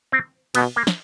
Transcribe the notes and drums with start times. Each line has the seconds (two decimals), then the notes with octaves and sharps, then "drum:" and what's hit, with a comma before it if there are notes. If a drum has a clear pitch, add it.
0.12 C4
0.55 B2 B3, drum: cymbal
0.76 A#3
0.87 drum: snare